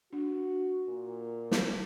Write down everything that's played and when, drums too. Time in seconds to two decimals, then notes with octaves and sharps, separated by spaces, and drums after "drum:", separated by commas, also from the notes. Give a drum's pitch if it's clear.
0.13 D4 F#4
0.87 A#2
1.51 drum: snare